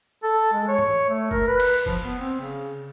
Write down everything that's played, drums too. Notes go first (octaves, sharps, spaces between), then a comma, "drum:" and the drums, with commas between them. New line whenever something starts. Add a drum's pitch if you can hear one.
A4
G#3
C#5
drum: tom
A3
A#4, drum: kick F#1
B4
drum: cymbal
F3, drum: kick F#1
B3
C4
C#3